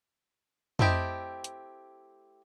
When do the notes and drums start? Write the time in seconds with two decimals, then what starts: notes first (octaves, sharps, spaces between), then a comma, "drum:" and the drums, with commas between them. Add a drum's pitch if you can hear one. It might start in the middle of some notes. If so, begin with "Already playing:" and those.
0.79 A3 C4 E4 G4 D#5, drum: tom F2
1.44 drum: hi-hat